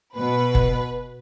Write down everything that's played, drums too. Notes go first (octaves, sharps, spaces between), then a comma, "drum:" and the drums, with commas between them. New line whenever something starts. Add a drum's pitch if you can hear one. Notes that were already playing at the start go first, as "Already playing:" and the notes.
B2 B4
drum: kick